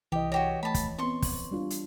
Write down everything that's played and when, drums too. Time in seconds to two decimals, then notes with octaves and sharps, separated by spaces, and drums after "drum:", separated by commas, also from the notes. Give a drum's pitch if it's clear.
0.12 C2 E3 G4 D#5
0.32 F#4 G4 A#4 C#5
0.63 A3 A5 B5
0.75 drum: kick, hi-hat
0.98 B3 C4 C6 C#6
1.22 drum: kick, open hi-hat
1.51 G3 D4 F4
1.70 drum: hi-hat